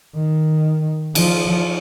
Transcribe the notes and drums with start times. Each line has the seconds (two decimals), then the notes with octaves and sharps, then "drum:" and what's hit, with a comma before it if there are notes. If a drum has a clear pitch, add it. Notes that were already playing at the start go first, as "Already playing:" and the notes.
0.15 D#3
1.15 F3, drum: cymbal